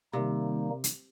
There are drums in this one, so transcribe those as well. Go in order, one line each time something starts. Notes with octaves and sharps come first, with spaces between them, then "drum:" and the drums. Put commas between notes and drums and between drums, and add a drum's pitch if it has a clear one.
C3 D#3 G3 A#3 D#4
drum: hi-hat